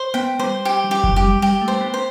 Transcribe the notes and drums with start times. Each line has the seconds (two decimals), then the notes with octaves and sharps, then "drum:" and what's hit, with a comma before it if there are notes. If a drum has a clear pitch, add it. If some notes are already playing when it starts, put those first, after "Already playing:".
Already playing: C5
0.14 B3 G5
0.39 G3 C5
0.65 G4
0.84 G3
0.91 G4
1.04 F#3, drum: kick F#1
1.16 G4
1.23 G3
1.42 G3 G4
1.61 A3
1.68 C5
1.81 B3
1.94 C5